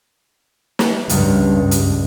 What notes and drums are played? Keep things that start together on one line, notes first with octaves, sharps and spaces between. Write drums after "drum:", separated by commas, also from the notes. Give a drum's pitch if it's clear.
drum: snare
C#2 G2 A#4, drum: hi-hat
drum: hi-hat